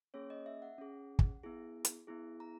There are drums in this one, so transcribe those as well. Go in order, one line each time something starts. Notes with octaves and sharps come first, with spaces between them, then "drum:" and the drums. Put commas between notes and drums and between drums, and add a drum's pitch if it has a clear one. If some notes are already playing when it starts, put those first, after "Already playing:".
A#3 C#4 G#4 C#5
D#5
E5
F#5
C#4 G#4
drum: kick
B3 E4 G#4
drum: hi-hat
B3 E4 G#4
A#5